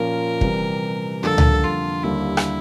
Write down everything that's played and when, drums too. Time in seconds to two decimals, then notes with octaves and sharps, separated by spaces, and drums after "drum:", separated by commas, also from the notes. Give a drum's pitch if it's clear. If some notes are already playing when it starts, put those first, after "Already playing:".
Already playing: A#2 F3 A#3 C#4 F4 A#4
0.41 C3 E3 G3, drum: kick
1.23 F2 D3 G3 A#3 A4
1.38 drum: tom C#2
1.64 F4
2.03 D#2 D3 G3 A#3 E4
2.37 drum: rim click